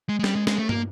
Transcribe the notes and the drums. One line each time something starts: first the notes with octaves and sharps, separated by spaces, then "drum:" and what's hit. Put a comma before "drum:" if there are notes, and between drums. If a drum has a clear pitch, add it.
G#3
G#3
G3, drum: snare
G#3
G#3, drum: snare
A3
A#3, drum: tom